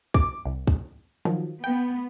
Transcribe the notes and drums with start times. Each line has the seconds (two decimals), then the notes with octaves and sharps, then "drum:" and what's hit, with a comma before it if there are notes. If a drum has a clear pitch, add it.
0.14 D6, drum: kick
0.45 C2
0.67 drum: kick
1.25 D#3 F3 F#3
1.64 B3 G5